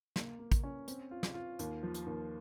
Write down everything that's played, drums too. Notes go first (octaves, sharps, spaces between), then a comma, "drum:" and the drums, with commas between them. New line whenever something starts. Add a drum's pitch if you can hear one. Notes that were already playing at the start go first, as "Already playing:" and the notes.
A#3, drum: snare
A#3
drum: kick, hi-hat
C#4
C4, drum: hi-hat
F4
drum: snare
F4
D#2, drum: hi-hat
F3
drum: hi-hat
D#2